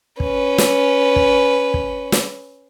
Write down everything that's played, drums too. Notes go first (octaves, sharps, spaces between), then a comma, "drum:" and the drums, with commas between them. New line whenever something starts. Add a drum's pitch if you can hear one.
C#4 B4, drum: kick
drum: snare
drum: kick
drum: kick
drum: snare